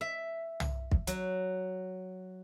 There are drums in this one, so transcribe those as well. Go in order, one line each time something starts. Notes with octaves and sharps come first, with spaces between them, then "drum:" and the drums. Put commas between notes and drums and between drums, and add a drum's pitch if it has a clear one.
E5
drum: tom
drum: kick
F#3, drum: hi-hat